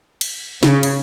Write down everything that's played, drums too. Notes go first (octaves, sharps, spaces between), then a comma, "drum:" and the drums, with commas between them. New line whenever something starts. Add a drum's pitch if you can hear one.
drum: cymbal
C#3, drum: snare
drum: cymbal